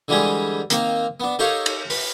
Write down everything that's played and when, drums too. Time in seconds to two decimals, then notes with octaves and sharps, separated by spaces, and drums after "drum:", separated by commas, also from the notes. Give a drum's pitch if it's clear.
0.08 D3 E3 G3 G#3 G4 G#4
0.70 D#3 A#3 C4 A#4, drum: hi-hat
1.20 B3 D4
1.39 D#4 G4 A4 A#4 C#5 F5
1.66 drum: cymbal
1.90 B4, drum: open hi-hat